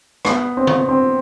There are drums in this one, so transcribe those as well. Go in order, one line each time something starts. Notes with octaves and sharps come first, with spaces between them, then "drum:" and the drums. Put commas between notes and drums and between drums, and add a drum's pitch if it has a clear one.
B3, drum: rim click
C4
drum: tom D3
C4